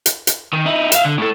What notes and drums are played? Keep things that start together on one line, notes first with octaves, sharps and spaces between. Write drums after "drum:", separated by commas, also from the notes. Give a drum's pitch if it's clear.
drum: hi-hat
drum: hi-hat
D#3
D#4 E4
E5 F5, drum: hi-hat
D3
A2 A4